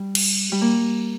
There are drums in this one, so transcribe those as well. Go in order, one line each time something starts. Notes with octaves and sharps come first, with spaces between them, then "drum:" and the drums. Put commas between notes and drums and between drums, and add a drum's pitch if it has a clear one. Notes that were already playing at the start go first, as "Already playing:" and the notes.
Already playing: G3
drum: cymbal
G3
A#3